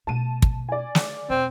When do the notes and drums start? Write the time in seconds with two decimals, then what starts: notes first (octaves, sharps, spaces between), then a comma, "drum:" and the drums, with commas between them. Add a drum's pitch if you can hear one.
0.07 B2 A3 A5 D#7
0.42 drum: kick
0.69 D5 G#5
0.95 drum: snare
1.30 E1 C4